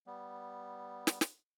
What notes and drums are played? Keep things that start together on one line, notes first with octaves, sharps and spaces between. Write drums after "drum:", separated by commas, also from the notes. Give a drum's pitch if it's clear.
G3 B3
drum: snare
drum: snare